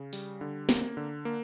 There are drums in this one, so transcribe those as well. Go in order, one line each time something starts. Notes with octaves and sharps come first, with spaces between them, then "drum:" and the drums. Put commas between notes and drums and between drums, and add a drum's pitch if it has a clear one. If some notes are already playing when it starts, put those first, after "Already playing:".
Already playing: C#3
G3, drum: open hi-hat
D3
A#3, drum: snare
D3
A#3